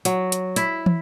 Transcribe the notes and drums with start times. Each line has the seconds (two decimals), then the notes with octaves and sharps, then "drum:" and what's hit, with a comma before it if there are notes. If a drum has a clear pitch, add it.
0.05 F#3, drum: hi-hat
0.32 drum: hi-hat
0.56 E4, drum: hi-hat
0.86 drum: tom